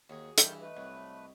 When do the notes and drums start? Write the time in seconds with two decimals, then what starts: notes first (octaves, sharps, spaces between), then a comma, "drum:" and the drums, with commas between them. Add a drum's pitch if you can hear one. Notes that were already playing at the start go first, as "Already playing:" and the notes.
0.10 D#2 F#4 G#4
0.38 G2 D#3 E3 E4 A4 D#5 G6, drum: hi-hat
0.61 A3 B4
0.77 C2 F#3